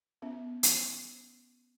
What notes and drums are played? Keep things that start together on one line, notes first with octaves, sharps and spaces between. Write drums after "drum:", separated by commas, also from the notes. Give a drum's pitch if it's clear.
B3 C#4 E5
drum: hi-hat